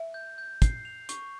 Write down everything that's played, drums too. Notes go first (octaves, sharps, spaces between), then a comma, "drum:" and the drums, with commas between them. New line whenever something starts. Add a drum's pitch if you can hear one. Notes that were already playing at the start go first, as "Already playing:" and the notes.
Already playing: E5
G6
G6
C7, drum: kick, hi-hat
F7
C#6, drum: hi-hat